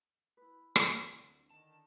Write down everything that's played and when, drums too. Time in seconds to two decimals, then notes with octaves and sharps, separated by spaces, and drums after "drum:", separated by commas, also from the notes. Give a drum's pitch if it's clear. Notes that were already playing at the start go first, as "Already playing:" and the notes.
0.37 E4 B4
0.76 D2 C4, drum: rim click
1.50 D3 D#3 A5